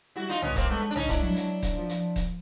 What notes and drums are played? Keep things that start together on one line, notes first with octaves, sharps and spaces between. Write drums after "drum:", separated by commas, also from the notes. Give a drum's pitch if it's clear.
G3 E4 F#4
D#4 F4, drum: hi-hat
B3 C#4, drum: tom
A#3 C4, drum: kick D#1, hi-hat
G#3 A3 B3
D4
C#4 D#4, drum: tom
D4 E4, drum: kick D#1, hi-hat
F#3
drum: hi-hat
drum: kick D#1, hi-hat
F3
drum: hi-hat
drum: kick D#1, hi-hat